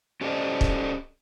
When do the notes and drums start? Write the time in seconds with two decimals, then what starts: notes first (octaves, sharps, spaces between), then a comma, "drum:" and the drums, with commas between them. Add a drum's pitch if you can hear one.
0.21 C#4 G4 A4 C5 D5 D#5
0.61 drum: kick